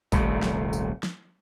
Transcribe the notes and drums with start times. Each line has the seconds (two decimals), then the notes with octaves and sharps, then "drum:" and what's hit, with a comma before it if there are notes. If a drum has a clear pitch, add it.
0.12 D#1 C2 C3 A3, drum: kick, tambourine
0.43 drum: snare
0.73 drum: tambourine
1.03 drum: snare